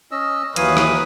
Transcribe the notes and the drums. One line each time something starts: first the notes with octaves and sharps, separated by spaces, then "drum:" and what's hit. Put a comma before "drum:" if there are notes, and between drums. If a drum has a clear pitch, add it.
C#4 D#5 E6
D#2 E3 F#3 B4 C#5 F5 D#6, drum: hi-hat
drum: rim click